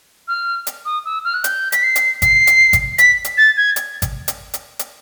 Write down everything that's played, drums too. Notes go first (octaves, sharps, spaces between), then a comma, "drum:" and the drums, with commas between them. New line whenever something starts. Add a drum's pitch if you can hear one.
F6
drum: hi-hat
D#6
E6
F6
F#6
G6, drum: hi-hat
B6, drum: hi-hat
C7
drum: hi-hat
C7, drum: kick G#1, hi-hat
drum: hi-hat
drum: kick G#1, hi-hat
B6, drum: hi-hat
drum: hi-hat
A6
G#6
drum: hi-hat
drum: kick G#1, hi-hat
drum: hi-hat
drum: hi-hat
drum: hi-hat